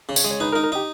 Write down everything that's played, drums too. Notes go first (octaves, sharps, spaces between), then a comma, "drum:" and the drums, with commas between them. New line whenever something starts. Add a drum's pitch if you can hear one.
C#3
C#5, drum: tambourine
G#3
C#5
D#4 B4
A#4
D#4
A#4
D#4 G4